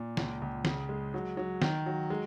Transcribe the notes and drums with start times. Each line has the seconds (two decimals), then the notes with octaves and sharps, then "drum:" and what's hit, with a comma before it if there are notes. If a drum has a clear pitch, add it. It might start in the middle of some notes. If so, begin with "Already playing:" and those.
Already playing: A#2
0.17 C#2, drum: snare
0.42 C#2
0.65 C#3, drum: snare
0.89 G#3
1.14 F#3
1.37 F#3
1.62 D#3, drum: snare
1.86 F#3
2.10 G#3